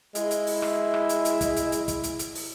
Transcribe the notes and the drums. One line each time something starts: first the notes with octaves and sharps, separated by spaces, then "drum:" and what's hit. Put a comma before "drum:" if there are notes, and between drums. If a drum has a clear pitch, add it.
G#3 E4, drum: hi-hat
drum: hi-hat
drum: open hi-hat
drum: rim click
drum: rim click
drum: hi-hat
drum: hi-hat
drum: kick, hi-hat
drum: hi-hat
drum: hi-hat
drum: kick, hi-hat
drum: hi-hat
drum: hi-hat
drum: open hi-hat